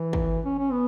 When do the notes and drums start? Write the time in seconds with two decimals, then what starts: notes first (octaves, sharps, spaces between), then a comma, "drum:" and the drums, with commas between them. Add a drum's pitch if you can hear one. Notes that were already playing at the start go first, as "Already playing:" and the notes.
Already playing: E3
0.13 drum: kick
0.45 C#4
0.59 C#4
0.73 B3